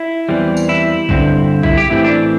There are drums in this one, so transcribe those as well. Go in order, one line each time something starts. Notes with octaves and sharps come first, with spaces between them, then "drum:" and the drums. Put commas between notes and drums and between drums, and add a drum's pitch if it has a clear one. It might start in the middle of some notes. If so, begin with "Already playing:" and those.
Already playing: E4
E2 E3 G3 C4
drum: tambourine
E4
G2 D3 C4, drum: kick A#1
E4, drum: kick A#1
G4
A2 E3 A3 C4 E4
D4